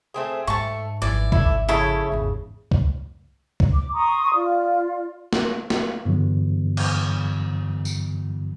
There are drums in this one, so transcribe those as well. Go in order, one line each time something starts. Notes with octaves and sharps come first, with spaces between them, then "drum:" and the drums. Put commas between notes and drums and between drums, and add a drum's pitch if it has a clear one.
A3 C4 G#4
G#2 A3 A5 C#6
G#1 F2 E3 D5
A3 E4, drum: kick C2
C#3 E4 A4 C#5
G#1 E2
drum: kick C2
drum: kick C2
D6
A#5 C6 C#6 D#6
F4 D5
drum: snare
drum: snare
G2 D3 E3 F#3 B3
drum: cymbal
drum: tambourine